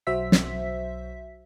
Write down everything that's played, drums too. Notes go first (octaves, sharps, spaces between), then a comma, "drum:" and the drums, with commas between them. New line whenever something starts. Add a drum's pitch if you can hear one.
B1 F#3 F#4 C5 E5 B6
drum: snare